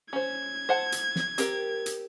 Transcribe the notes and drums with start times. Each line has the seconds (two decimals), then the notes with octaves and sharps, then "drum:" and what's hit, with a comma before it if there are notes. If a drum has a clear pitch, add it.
0.13 C#4 C5 G#6
0.69 C5 F#5 A5
0.92 drum: hi-hat
1.16 drum: snare
1.38 C4 G4 A#4, drum: hi-hat
1.86 drum: hi-hat